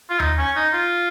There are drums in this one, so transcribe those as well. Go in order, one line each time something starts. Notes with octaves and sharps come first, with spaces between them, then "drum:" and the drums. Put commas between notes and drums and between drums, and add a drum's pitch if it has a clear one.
F4
D#4, drum: tom D#2
C#4
D#4
F4